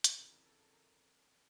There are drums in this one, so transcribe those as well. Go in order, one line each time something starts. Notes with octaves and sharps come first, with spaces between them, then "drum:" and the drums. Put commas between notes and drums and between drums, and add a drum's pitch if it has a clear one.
drum: hi-hat
F2 C#3 E3 A#4
A#4
A4
A4
A#4